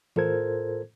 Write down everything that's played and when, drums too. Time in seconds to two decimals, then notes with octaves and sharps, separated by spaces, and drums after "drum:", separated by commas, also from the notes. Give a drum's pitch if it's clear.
0.16 A2 F4 A4 A#4 C5 G#6, drum: tom D#3